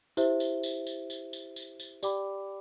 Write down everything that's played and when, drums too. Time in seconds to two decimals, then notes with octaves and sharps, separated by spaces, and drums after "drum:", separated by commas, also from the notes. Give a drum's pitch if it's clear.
0.17 E4 G4 C5 E5, drum: tambourine
0.40 drum: tambourine
0.63 drum: tambourine
0.87 drum: tambourine
1.10 drum: tambourine
1.33 drum: tambourine
1.56 drum: tambourine
1.80 drum: tambourine
2.03 G4 D5 G5 B5 D6, drum: tambourine